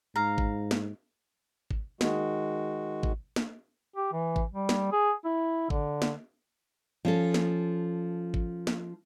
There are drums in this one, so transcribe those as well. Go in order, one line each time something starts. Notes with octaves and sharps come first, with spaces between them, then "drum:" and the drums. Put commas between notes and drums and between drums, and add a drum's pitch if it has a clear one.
G#2 F5 A#5
drum: kick G#1
drum: snare
drum: kick G#1
D#3 G#3 F#4, drum: snare
drum: kick G#1
drum: snare
G4
E3
drum: kick G#1
G3
drum: snare
G#4
E4
D3, drum: kick G#1
drum: snare
F3 C#4 A4
drum: snare
drum: kick G#1
drum: snare